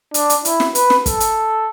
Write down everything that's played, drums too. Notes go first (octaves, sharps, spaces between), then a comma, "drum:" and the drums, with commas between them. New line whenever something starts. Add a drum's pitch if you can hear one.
D4, drum: hi-hat
drum: hi-hat
E4, drum: hi-hat
drum: snare
B4, drum: hi-hat
drum: snare
A4, drum: kick, hi-hat
drum: hi-hat